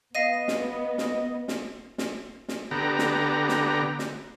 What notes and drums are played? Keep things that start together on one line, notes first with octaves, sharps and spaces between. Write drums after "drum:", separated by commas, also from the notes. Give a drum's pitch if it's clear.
B3 D#5 F5 A#6 D#7
drum: snare
drum: snare
drum: snare
drum: snare
drum: snare
D3 B3 G4 A#5
drum: snare
drum: snare
drum: snare